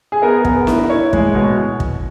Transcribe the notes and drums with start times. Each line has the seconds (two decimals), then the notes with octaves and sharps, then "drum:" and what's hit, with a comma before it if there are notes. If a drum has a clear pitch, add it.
0.12 G#4
0.22 B3 A#4
0.45 B3, drum: kick
0.67 E4, drum: snare
0.90 E4 C#5
1.13 G#3, drum: kick
1.35 B2
1.80 drum: kick